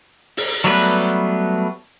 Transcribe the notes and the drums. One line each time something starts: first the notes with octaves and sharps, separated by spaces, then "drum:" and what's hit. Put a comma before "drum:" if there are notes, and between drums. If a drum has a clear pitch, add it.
drum: open hi-hat
F#3 G3 A3 B3 B4